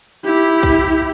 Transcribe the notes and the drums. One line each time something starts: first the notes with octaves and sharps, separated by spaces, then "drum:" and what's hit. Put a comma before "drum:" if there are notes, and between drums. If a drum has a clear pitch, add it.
E4 G4
drum: kick